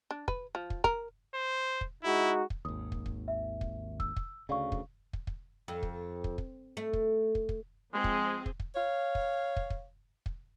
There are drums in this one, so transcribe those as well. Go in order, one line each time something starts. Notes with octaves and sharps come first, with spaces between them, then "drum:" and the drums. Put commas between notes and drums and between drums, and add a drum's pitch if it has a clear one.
D4
B4, drum: kick
F3
drum: kick
A#4, drum: kick
C5
drum: kick
G#3 D#4 E4 F#4
drum: kick
G#1 D#2 D#6
drum: kick
drum: kick
E5
drum: kick
E6, drum: kick
drum: kick
D2 C#3 D5 F5 C#6
drum: kick
drum: kick
drum: kick
F2
drum: kick
drum: kick
drum: kick
A3
drum: kick
drum: kick
drum: kick
F3 G#3 C4 G#4
drum: kick
drum: kick
drum: kick
C#5 F5
drum: kick
drum: kick
drum: kick
drum: kick